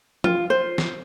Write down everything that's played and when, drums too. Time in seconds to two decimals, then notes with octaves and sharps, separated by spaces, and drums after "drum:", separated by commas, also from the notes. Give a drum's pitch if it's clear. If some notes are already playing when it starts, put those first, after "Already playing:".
0.24 F4, drum: tom F3
0.50 C5
0.78 drum: snare